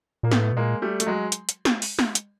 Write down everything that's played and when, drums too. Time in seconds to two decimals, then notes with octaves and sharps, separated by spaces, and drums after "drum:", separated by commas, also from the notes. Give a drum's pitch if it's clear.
0.23 A#2 A#3
0.32 A2 A3 B3, drum: snare
0.52 B2
0.57 A#2 G#3 A#3
0.82 G3 A3
1.00 A3, drum: hi-hat
1.06 F#3 G#3
1.32 drum: hi-hat
1.49 drum: hi-hat
1.65 drum: snare
1.82 drum: open hi-hat
1.99 drum: snare
2.15 drum: hi-hat